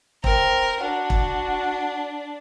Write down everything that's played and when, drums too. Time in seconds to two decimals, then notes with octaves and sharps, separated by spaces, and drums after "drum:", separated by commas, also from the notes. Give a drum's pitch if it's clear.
0.24 C4 A#4, drum: kick
0.81 D4 F#4
1.10 drum: kick